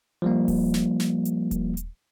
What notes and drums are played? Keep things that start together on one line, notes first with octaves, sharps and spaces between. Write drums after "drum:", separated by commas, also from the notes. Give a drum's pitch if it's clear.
F3 G3 A#3
drum: kick D#1, open hi-hat
drum: snare
drum: snare
drum: hi-hat
drum: kick D#1, hi-hat
drum: hi-hat